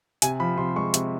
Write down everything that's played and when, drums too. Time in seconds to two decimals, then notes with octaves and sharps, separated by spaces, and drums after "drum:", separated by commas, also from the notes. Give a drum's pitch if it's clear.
0.22 C3 G#5, drum: hi-hat
0.40 F3 B5
0.57 C3 C6
0.76 G#3 C#6
0.94 C3, drum: hi-hat